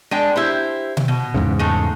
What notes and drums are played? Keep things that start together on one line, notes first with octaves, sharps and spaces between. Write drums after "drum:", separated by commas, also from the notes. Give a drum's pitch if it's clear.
G#3 D4 G5
E4 G4 C5
drum: tom B2
B2
E2 G#2 C#3
G#3 A3